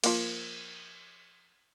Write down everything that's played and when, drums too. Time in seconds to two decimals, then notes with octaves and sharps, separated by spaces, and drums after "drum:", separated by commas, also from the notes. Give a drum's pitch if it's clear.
0.04 F3 A#3, drum: cymbal